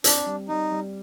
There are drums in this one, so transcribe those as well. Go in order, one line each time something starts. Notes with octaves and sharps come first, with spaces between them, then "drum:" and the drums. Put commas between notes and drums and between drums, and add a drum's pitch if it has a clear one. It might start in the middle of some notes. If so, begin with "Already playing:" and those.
C4 D4, drum: hi-hat
G3
G3 D#4
G3